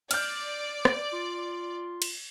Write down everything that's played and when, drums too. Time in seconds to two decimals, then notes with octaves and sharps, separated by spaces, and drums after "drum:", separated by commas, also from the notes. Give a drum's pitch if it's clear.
0.11 D5 F6 G6, drum: cymbal
0.85 drum: rim click
1.13 F4
2.02 drum: cymbal